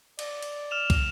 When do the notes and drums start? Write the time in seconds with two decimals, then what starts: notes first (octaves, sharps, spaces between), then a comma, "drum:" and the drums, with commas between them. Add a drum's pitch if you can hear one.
0.19 D5, drum: cymbal
0.42 drum: cymbal
0.71 F6 E7 F7
0.90 drum: kick, cymbal